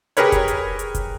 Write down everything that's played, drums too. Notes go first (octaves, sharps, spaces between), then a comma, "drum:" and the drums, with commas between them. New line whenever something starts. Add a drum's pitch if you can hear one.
G4 G#4 A#4 B4 C#5, drum: hi-hat
drum: kick F1, hi-hat
drum: hi-hat
drum: hi-hat
drum: kick F1, hi-hat